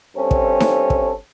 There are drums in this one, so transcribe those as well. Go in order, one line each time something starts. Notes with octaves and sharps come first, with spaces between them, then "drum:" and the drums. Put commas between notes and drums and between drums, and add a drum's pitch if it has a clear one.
G2 C4 C#4 A4
drum: kick
drum: snare D#4
drum: kick